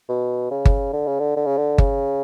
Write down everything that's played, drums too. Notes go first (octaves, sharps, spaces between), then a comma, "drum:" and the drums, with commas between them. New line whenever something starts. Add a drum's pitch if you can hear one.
B2
C#3
drum: kick G1
D3
C#3
D3
D3
C#3
D3
C#3, drum: kick G1